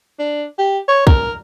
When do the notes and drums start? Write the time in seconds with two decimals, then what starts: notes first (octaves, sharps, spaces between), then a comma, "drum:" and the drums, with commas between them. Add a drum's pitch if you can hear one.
0.19 D4
0.59 G4
0.88 C#5
1.07 A#4, drum: kick